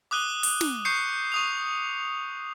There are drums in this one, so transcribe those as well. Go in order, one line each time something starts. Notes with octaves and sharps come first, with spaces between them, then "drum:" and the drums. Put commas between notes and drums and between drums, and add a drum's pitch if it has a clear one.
D6 D#6 F#6 D#7 G7
drum: open hi-hat
drum: snare
C#6 G6 C7 C#7
C#6 D#6 F7